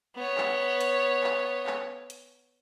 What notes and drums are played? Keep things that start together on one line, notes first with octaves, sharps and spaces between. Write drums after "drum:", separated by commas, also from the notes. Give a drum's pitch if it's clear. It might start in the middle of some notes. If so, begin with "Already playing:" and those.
B3 C#5
drum: clap
drum: hi-hat
drum: clap
drum: clap
drum: hi-hat